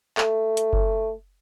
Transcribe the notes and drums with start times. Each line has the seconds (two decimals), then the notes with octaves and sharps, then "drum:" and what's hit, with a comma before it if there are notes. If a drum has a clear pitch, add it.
0.18 A3, drum: clap
0.57 drum: hi-hat
0.73 drum: kick F#1